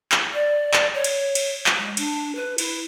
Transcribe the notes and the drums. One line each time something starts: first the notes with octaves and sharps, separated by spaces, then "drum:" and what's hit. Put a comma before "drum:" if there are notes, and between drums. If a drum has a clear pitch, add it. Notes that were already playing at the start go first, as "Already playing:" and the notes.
drum: clap
D5
drum: clap
C#5
drum: cymbal
drum: cymbal
drum: clap
G#3
D4, drum: cymbal
B4
E4, drum: cymbal